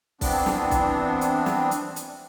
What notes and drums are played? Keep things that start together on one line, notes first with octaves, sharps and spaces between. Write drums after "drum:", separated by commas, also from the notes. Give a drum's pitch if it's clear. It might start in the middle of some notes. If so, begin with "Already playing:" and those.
E3 B3 C4 D4, drum: kick B1, open hi-hat
drum: snare
drum: kick B1, hi-hat
drum: hi-hat
drum: snare
drum: hi-hat
drum: hi-hat